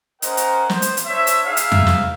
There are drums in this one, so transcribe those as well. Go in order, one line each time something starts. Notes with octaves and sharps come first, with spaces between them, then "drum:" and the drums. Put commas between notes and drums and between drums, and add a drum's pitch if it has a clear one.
C#4 A#4 C5 D#5 F#5 A#5, drum: hi-hat
drum: hi-hat
B3 C5, drum: snare
drum: hi-hat
drum: hi-hat
D4 C5 C#5 E5
drum: hi-hat
D#4 E4 G#4 E5 F5
drum: hi-hat
drum: tom F2
drum: snare